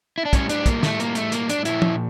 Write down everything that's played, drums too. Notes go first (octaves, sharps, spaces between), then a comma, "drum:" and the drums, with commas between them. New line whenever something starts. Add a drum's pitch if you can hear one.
E4
D4
A2 G3 C#4, drum: kick, hi-hat
D4, drum: hi-hat
A#3, drum: kick, hi-hat
A3, drum: snare
A#3, drum: hi-hat
A3, drum: hi-hat
A#3, drum: hi-hat
D4, drum: hi-hat
A#2 F3 E4, drum: hi-hat
drum: tom